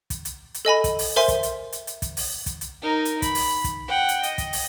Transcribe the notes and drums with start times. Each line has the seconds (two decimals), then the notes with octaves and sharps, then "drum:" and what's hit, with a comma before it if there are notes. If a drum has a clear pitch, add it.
0.10 drum: kick, hi-hat
0.25 drum: hi-hat
0.54 drum: hi-hat
0.65 A4 D#5 G#5 B5
0.84 drum: kick, hi-hat
0.99 drum: open hi-hat
1.16 A#4 C5 E5 G#5 C6
1.28 drum: kick, hi-hat
1.43 drum: hi-hat
1.72 drum: hi-hat
1.87 drum: hi-hat
2.02 drum: kick, hi-hat
2.17 drum: open hi-hat
2.46 drum: kick, hi-hat
2.61 drum: hi-hat
2.82 D#4 A#4
3.05 drum: hi-hat
3.22 B5, drum: kick, hi-hat
3.35 drum: open hi-hat
3.64 drum: kick, hi-hat
3.88 F#5 G5
4.09 drum: hi-hat
4.23 D#5, drum: hi-hat
4.38 drum: kick, hi-hat
4.53 drum: open hi-hat